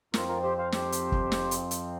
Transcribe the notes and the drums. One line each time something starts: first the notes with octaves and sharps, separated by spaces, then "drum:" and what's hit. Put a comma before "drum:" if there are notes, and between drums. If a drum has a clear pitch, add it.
F2 F3 C4 F4 A#4, drum: snare
F4 A#4
G4 C5
C5 F5
G4 C5, drum: snare
drum: hi-hat
drum: kick
drum: snare
drum: hi-hat
drum: hi-hat